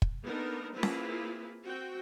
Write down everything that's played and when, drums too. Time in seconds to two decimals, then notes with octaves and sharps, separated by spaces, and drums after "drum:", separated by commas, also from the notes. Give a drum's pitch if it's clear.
0.02 drum: kick
0.24 A#3 B3 D4 D#4 A4 A#4
0.74 A#3 C4 E4 F4 G#4 B4
0.83 drum: snare C#4
1.64 C4 F#4 G5